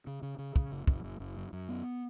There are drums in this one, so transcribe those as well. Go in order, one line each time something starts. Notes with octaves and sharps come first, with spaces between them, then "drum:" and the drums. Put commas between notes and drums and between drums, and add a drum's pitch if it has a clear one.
C#3
C#3
C#3
C#3, drum: kick
F#1
F#1, drum: kick
F#1
F#1
F#2
F#2
B3